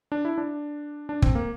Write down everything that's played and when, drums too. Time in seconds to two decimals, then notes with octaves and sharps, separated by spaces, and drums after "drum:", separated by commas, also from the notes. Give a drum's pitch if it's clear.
0.12 D4
0.25 E4
0.38 D4
1.09 D4
1.22 C4, drum: kick
1.35 A#3